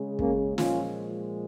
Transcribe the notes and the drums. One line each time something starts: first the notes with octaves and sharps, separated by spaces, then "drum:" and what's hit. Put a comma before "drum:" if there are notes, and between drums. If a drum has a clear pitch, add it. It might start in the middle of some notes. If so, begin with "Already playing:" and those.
Already playing: C#3 G#3
A#3 C#4, drum: kick
A#2 F3 G#3 C#4 F4, drum: snare